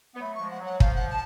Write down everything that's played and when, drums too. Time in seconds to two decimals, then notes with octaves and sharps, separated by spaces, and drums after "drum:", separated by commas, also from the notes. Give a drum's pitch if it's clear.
0.15 B3
0.20 F#3 A3 B5
0.35 C#6
0.40 F3 G#3
0.51 F#5
0.60 F#3
0.66 F#5
0.80 F3 F5, drum: kick
0.95 F#5
1.10 A5